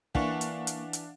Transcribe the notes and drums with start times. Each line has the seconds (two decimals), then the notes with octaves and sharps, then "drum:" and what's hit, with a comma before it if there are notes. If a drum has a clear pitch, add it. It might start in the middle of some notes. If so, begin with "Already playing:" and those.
0.15 E3 A#3 D4 F5 F#5 C#6, drum: kick
0.41 drum: hi-hat
0.67 drum: hi-hat
0.93 drum: hi-hat